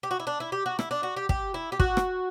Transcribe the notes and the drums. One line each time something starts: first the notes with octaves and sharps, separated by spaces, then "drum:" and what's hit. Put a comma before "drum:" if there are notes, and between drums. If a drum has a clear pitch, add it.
G4
F#4
E4
D4
E4
G4
F#4
E4, drum: rim click
D4
F#4
G4
G4, drum: kick
E4
G4
F#4, drum: kick
drum: rim click